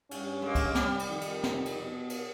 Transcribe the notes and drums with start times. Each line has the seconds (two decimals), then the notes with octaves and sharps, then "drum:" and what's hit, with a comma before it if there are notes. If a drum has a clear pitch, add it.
0.11 G2 C#4, drum: cymbal
0.42 G#3 A#3
0.55 drum: kick C2, cymbal
0.75 G3, drum: snare
0.99 drum: cymbal
1.09 F2 D#3
1.21 drum: cymbal
1.43 drum: snare
1.65 drum: cymbal
1.83 B2
2.10 drum: cymbal